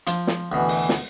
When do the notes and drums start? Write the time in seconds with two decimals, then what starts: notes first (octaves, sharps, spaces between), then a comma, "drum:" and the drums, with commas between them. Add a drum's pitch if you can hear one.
0.07 F3, drum: hi-hat
0.27 drum: snare
0.52 D2 B2 E3
0.68 drum: open hi-hat
0.89 drum: snare